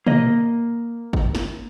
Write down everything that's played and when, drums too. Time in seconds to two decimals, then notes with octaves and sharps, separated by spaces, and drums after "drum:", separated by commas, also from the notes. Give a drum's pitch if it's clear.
0.07 A#3 D#5, drum: tom
1.13 drum: kick
1.35 drum: snare